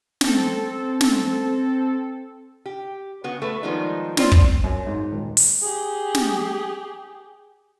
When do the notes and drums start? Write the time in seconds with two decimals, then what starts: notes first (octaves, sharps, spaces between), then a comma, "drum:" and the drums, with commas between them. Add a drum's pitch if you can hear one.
0.21 C4 A4, drum: snare
1.01 drum: snare
2.66 G4
3.24 C#3 B3 F#4
3.42 A3 B4
3.63 D#3 F3 G3 G#3 B3 D#4
4.17 C4 E4 F4 C5 D5, drum: snare
4.32 drum: kick
4.64 F#2
4.87 G#2
5.12 D#1
5.37 drum: open hi-hat
5.62 G4 G#4
6.15 drum: snare